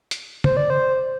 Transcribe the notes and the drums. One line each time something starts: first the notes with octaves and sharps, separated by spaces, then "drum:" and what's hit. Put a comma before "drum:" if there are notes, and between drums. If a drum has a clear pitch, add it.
drum: hi-hat
C5, drum: tom
D5
C5